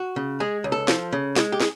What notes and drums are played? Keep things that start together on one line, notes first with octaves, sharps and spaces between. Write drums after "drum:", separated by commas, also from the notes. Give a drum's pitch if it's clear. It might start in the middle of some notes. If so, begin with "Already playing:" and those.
Already playing: F#4
C#3
G#3 G#4
C#2
A4
F3, drum: snare
C#3
G#3, drum: snare
G4
G#4, drum: snare